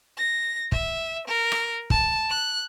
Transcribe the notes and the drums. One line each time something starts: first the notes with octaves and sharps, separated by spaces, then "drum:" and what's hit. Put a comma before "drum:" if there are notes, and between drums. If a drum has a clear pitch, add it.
A#6
E5, drum: kick
A#4
drum: rim click
A5, drum: kick
F#6